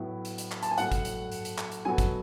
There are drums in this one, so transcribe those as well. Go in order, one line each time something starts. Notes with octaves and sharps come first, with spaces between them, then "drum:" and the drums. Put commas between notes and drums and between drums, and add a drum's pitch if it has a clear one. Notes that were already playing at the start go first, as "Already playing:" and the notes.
Already playing: A2 F#3 B3 E4
drum: hi-hat
drum: hi-hat
drum: clap
A5, drum: hi-hat
G#5
A2 F#3 A3 F#5, drum: hi-hat
drum: kick G#1, hi-hat
drum: hi-hat
drum: hi-hat
drum: hi-hat
drum: clap
drum: hi-hat
B2 F#3 B3 F#4 A4 G#5
drum: kick G#1, hi-hat